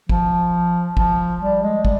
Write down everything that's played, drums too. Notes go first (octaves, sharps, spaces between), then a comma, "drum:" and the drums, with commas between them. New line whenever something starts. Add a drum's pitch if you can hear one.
F3, drum: kick
F3, drum: kick
G3
G#3
G3, drum: kick